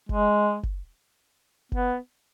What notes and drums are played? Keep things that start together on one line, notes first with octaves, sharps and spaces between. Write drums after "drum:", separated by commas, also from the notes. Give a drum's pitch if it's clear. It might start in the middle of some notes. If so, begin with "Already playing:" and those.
G#3, drum: kick F#1
drum: kick F#1
B3, drum: kick F#1